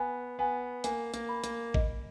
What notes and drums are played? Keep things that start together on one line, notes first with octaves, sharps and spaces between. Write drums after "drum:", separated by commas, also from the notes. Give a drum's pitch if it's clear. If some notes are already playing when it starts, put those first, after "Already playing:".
Already playing: B3 G#5
B3 G#5
A#3 G#5, drum: hi-hat
A#3, drum: hi-hat
B5
A#3, drum: hi-hat
D#5, drum: kick G#1